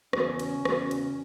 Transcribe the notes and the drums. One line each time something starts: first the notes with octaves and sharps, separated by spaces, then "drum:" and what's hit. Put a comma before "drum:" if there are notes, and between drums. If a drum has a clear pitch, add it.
E2 C#3 E3 B3 C#4 F#4, drum: rim click
drum: cymbal
E2 C#3 E3 B3 F#4, drum: rim click
drum: cymbal